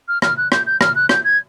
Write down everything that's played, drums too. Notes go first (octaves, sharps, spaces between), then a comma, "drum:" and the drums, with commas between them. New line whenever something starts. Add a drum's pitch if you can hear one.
F6
F6, drum: rim click
F#6
G6, drum: rim click
G6
F6, drum: rim click
F#6
G6, drum: rim click
G#6